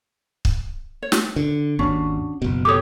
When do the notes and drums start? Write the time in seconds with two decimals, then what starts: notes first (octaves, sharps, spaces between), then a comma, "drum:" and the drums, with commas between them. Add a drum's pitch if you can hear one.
0.45 drum: kick
1.02 C#5
1.12 drum: snare
1.36 D3
1.79 G#1 D#2 C#4 D4 F#4
2.42 F#1 B2
2.65 G4 A4 C#5 D6 D#6